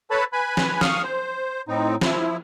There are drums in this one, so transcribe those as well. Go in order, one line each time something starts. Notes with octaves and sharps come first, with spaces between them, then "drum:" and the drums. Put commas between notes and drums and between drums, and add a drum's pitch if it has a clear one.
A4 B4 C#5 A5 B5
B4 G#5 B5
drum: snare
F5 C#6 D#6 F6, drum: snare
C5
A2 C4 D#4
F3 E4, drum: snare